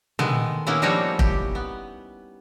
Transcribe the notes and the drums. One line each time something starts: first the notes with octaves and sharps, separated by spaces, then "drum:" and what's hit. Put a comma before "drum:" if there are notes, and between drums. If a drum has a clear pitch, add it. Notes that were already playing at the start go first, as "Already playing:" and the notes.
D#3 G#3 A3 B3, drum: tom
D#3 A#3 B3 C#4 E4
F3 G3 D#4 E4 F#4 C#5
G4, drum: kick F1
B3